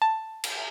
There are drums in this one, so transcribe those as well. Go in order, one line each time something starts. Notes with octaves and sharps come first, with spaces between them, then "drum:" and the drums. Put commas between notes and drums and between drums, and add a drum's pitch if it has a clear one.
A5
drum: cymbal